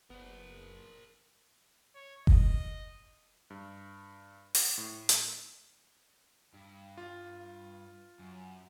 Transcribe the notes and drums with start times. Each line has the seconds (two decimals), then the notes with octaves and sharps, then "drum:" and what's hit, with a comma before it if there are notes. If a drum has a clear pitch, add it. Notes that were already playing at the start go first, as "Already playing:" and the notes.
0.10 F#1 B3 A#4 C5
1.95 C#5
2.27 D#5, drum: kick F#1
3.50 G2
4.55 drum: open hi-hat
4.78 A2
5.09 drum: hi-hat
6.54 G2
6.97 F4
8.19 F#2